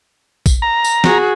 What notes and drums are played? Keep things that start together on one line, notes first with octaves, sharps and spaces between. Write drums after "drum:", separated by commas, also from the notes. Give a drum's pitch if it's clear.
drum: kick, tambourine
A#5
drum: tambourine
F#4 G#4, drum: snare